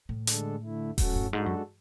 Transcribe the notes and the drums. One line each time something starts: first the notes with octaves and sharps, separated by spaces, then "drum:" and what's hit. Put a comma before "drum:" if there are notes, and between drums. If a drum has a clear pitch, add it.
A2
D3 G#3 D4 A4, drum: hi-hat
D3 A3 E4
F#2 A2 F#3 C#4 F#4 A4, drum: kick D#1, open hi-hat
F#2
G#2 G#3 D4 F#4 A4
F#2